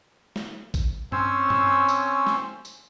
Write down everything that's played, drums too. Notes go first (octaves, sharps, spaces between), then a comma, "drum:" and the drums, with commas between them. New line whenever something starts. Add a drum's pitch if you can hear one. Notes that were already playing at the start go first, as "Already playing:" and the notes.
drum: snare
drum: kick A1, tambourine
C4 C#4 C5 C#5 G#5 E6, drum: tom G2
drum: tom G2
drum: tambourine
drum: snare
drum: tambourine